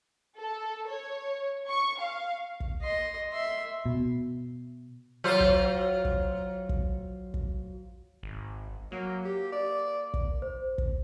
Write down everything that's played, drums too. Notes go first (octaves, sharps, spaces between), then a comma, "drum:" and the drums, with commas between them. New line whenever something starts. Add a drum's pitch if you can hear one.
A4
C#5
C#6
F5
drum: kick
D#5 C6
E5 C6
B2
F#3 F4 C5
drum: kick
drum: kick
drum: kick
drum: kick
G#1
F#3 A#3
G4
D5
drum: kick
C5
drum: kick